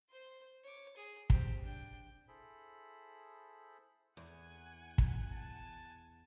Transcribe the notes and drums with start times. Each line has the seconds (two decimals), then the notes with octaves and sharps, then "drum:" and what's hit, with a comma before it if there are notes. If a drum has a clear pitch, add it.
0.10 C5 C6
0.64 C#5 D6
0.97 G#4
1.30 C4 G4, drum: kick
1.62 D4 G5
2.28 E4 G#4 A4 C5 B5
4.17 E2 F#5 G#5
4.98 drum: kick
5.33 A5